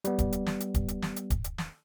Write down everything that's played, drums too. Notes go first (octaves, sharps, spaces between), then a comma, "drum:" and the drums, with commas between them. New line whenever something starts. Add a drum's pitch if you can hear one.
G3 B3, drum: hi-hat
drum: kick, hi-hat
drum: hi-hat
drum: snare
drum: hi-hat
drum: kick, hi-hat
drum: hi-hat
drum: snare
drum: hi-hat
drum: kick, hi-hat
drum: hi-hat
drum: snare